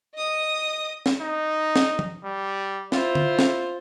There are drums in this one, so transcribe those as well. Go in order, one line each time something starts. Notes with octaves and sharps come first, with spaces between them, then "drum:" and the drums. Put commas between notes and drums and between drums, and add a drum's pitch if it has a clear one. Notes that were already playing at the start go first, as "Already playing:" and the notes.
D#5 D#6
drum: snare
D#4
drum: snare
drum: tom
G3
E4 F4 C5, drum: snare
drum: tom
drum: snare